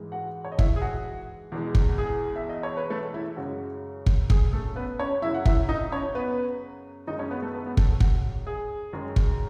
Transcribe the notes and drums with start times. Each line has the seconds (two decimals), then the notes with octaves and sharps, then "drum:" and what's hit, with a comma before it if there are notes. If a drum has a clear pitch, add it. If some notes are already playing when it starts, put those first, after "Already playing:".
Already playing: G#2 E3 G#3
0.12 F#4 F#5
0.45 C#5
0.52 D#5
0.59 E4 E5, drum: kick
0.76 G#4
0.82 F#4
1.52 E2 B2 G#3
1.75 drum: kick
1.98 G#4
2.36 E5
2.49 D#5
2.63 C#5
2.77 B4
2.90 A3 A4
3.14 E4 E5
3.37 F#2 C#3 G#3 F#4
4.06 drum: kick
4.30 G#4, drum: kick
4.53 A3 A4
4.76 B3 B4
4.99 C#4 C#5
5.22 F#2 C#3 F#3 E4 E5
5.34 F#5
5.46 E4 E5, drum: kick
5.69 D#4 D#5
5.92 C#4 C#5
6.15 B3 B4
7.07 F#2 D#3 G#3 D#4 D#5
7.19 C#4 C#5
7.31 B3 B4
7.42 A3 A4
7.54 B3 B4
7.66 B3 B4
7.77 A3 A4, drum: kick
8.00 F#4, drum: kick
8.47 G#4
8.93 F#2 D#3 G#3
9.16 drum: kick